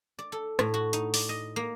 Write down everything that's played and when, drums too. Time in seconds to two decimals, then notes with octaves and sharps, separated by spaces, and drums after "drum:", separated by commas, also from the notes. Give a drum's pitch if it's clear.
0.19 D5
0.32 A4
0.59 A2, drum: rim click
0.74 F#4
0.93 D#4, drum: hi-hat
1.14 D5, drum: open hi-hat
1.29 D#5
1.56 A#3